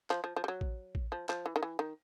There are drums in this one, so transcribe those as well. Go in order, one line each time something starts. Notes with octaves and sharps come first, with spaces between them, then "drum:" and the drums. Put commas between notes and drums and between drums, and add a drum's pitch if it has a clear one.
F3, drum: clap
F3
F3
G3
F#3
drum: kick A1
drum: kick A1
F3
F3, drum: clap
E3
D#3
E3
D#3